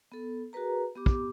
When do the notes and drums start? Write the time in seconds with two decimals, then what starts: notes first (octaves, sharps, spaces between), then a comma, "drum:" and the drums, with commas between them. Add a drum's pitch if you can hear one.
0.12 B3 A4
0.53 F#4 G#4 A#4 B4 A#5
0.96 B3 G4 D6
1.06 drum: kick